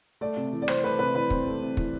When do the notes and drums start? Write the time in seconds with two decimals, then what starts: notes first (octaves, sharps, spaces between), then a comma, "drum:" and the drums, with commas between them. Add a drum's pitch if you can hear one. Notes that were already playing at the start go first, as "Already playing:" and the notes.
0.21 A3 D5
0.37 C3
0.53 E3
0.62 D5
0.68 C4 C5, drum: rim click
0.83 A3 B4
0.99 C3 B4
1.15 E3 B4
1.30 C4, drum: kick
1.47 A3
1.62 C3
1.77 E3, drum: kick